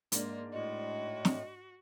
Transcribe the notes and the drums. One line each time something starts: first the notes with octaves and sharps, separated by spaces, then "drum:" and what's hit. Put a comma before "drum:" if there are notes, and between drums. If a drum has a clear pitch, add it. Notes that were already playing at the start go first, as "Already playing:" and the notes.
G#2 A#3 D4, drum: hi-hat
A2 F#4 D#5
drum: snare